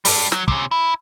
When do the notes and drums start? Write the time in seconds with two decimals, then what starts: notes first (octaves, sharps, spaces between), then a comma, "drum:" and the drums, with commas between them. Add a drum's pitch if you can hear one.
0.05 G3 D4, drum: open hi-hat
0.32 F#3, drum: snare
0.48 C3 C#4, drum: kick
0.71 E4